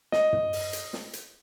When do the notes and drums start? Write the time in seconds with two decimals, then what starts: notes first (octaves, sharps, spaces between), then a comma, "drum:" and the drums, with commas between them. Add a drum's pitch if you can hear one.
0.12 D#5, drum: snare
0.33 drum: tom
0.53 drum: open hi-hat
0.73 drum: hi-hat
0.93 drum: snare
1.13 drum: hi-hat